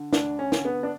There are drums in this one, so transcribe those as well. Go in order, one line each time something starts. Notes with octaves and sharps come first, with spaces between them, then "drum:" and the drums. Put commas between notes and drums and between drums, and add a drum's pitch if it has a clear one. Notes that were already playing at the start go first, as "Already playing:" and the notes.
Already playing: D3
D2 D4, drum: snare
C#4
D3, drum: snare
B3
D4